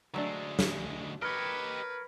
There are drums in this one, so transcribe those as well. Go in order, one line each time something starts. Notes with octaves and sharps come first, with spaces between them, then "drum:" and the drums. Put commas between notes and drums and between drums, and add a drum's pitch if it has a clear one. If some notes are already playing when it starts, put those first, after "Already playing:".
D2 F#3 G#3 A3 D4
drum: snare
G4 A#4 B4 C#5 D#5